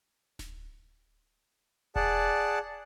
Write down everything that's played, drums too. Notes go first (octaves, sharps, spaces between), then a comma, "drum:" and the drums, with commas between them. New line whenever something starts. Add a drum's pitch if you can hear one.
drum: snare D1
G#4 D5 F#5 A5, drum: kick E1